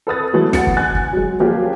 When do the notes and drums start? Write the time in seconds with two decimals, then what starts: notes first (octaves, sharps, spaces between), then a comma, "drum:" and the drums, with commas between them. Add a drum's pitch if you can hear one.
0.07 A4 B4 D#6 A6
0.33 E3 F#3 G#3 A3 B3
0.53 F#5 A6 C#7, drum: snare
0.67 drum: kick
0.77 G#5 F#6 A6
0.95 drum: kick
1.13 F#3 G#3
1.40 F3 F#3 A#3 C#4 G4 G#4